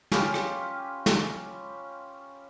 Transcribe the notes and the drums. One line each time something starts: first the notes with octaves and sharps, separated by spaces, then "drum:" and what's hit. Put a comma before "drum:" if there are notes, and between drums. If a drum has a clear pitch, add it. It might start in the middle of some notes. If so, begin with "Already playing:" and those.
C#4 F4 G4 B4, drum: snare
drum: rim click
drum: snare